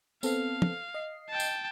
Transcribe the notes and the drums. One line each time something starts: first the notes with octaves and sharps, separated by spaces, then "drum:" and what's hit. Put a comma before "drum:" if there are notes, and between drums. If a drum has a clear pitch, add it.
B3 C4 A4 F5, drum: tambourine
drum: tom
D#5 C7
G5 A5
drum: tambourine